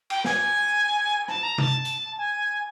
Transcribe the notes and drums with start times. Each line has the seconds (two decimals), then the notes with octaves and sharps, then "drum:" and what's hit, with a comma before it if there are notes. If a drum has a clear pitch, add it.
0.10 G5, drum: cymbal
0.24 G#5, drum: snare
1.28 A5, drum: rim click
1.43 A#5
1.58 A5, drum: tom C3
1.85 drum: hi-hat
2.18 G#5